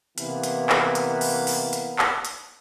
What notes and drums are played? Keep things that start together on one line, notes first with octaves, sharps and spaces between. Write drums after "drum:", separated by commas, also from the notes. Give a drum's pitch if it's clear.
C3 E3 A#3 B3, drum: hi-hat
drum: hi-hat
drum: clap
drum: hi-hat
drum: open hi-hat
drum: open hi-hat
drum: hi-hat
drum: clap
drum: hi-hat